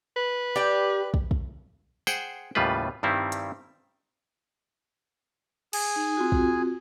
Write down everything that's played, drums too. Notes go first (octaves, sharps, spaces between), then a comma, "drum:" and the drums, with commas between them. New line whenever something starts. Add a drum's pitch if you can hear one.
B4
G4 D5 G5
drum: kick
drum: kick
G#4 C5 F#5 G5, drum: tambourine
D#2 A2 C#3 G3 F4 B4
G2 D#3 G3 C4 E4
drum: hi-hat
G#4 G#5, drum: cymbal
D#4
C4 F4 F#4
drum: kick